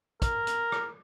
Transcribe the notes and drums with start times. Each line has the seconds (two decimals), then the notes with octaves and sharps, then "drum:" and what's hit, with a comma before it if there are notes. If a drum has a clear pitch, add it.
0.22 A#4, drum: kick, hi-hat
0.47 drum: hi-hat
0.72 drum: rim click